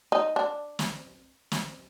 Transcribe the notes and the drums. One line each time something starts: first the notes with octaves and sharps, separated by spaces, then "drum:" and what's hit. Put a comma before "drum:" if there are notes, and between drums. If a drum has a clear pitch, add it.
D#4
D4
drum: snare
drum: snare